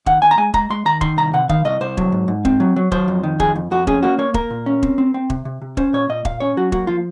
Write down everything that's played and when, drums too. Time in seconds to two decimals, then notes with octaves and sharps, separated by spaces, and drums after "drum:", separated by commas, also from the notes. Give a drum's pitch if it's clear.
0.06 D#2 F#5, drum: kick E1
0.22 D#2 G#5
0.31 A#5
0.37 G#3 G#5
0.54 G#3 A#5, drum: kick E1
0.70 G#3 C6
0.85 D#2 A#5
1.01 D#3 C6, drum: kick E1
1.17 C2 A#5
1.33 C3 F#5
1.49 D#3 F5, drum: kick E1
1.65 C2 D#5
1.81 C2 C5
1.97 F#3, drum: kick E1
2.12 G#2
2.28 G#2
2.45 C4, drum: kick E1
2.60 F#3
2.76 F#3
2.92 F#3 C5, drum: kick E1
3.08 F2
3.23 D#3
3.40 F2 G#4, drum: kick E1
3.56 F2
3.71 F2 F#4
3.87 C#4 G#4, drum: kick E1
4.03 A#3 F#4
4.19 A#3 C#5
4.34 A#3 A#4, drum: kick E1
4.50 A#2
4.66 C#4
4.83 C4, drum: kick E1
4.98 C4
5.14 C4
5.30 C3, drum: kick E1
5.45 C3
5.62 C3
5.77 C#4 C5, drum: kick E1
5.93 A#2 C#5
6.09 A#2 D#5
6.25 A#2 F5, drum: kick E1
6.40 C#4 C#5
6.57 F#3 F#4
6.72 A#3 F#4, drum: kick E1
6.87 F3 F4